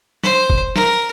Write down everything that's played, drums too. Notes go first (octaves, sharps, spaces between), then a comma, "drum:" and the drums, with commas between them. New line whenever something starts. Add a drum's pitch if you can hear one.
C5, drum: snare
drum: kick
A#4, drum: snare